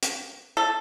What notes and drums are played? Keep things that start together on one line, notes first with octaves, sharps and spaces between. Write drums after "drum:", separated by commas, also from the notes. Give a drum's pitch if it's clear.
drum: hi-hat
A4